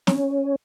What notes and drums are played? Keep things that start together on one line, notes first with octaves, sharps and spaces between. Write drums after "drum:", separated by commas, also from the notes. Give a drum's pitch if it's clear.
C#4, drum: snare